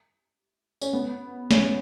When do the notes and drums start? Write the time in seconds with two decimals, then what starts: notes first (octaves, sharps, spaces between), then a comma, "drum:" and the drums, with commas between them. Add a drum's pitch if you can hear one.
0.81 C#4, drum: tambourine
0.93 B3
1.51 C#4, drum: snare